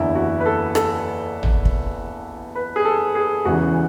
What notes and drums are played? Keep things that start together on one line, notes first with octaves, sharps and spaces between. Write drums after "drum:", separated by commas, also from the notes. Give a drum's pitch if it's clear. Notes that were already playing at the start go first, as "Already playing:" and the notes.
Already playing: F#1 E2 D3 E4
F#4
B4
A4
A4, drum: rim click
drum: tom
drum: kick
B4
G#4
A4
G#4
E1 E2 C#3 E3 F#4